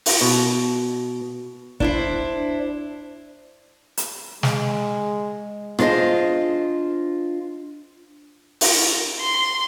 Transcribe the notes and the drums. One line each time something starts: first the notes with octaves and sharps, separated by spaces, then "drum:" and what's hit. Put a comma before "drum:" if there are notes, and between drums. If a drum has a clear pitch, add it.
drum: open hi-hat
B2
D4 E4 C5, drum: kick
drum: hi-hat
G#3, drum: snare
D4 F4 G#4 C5 D#5, drum: rim click
drum: open hi-hat
C6